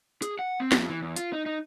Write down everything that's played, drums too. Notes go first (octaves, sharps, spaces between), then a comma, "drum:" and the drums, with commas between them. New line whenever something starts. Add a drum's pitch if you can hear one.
G#4, drum: hi-hat
F#5
C4
F2, drum: snare
E3
E2
F4, drum: hi-hat
D#4
D#4